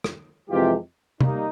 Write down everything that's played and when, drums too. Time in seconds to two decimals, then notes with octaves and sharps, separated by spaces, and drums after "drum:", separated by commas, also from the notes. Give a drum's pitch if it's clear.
0.04 drum: rim click
0.49 F2 C3 E3 G#3 F4 G4
1.21 G3 A#3 D#4, drum: tom C3